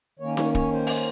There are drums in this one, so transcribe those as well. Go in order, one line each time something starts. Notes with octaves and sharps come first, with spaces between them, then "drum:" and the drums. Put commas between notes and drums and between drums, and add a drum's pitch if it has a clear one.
D#3 A#3 C#4 C#5
C#5, drum: snare D#4
C#5, drum: kick
C5
drum: open hi-hat